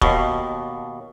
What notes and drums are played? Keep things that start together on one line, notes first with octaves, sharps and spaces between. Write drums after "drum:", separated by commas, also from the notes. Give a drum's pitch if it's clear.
D#2 B2, drum: kick